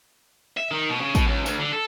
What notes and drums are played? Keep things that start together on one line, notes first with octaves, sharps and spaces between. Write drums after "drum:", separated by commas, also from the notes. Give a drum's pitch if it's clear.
E5
D#3
B2
C#3
B2, drum: kick, tambourine
C#2
D2, drum: tambourine
D3
A4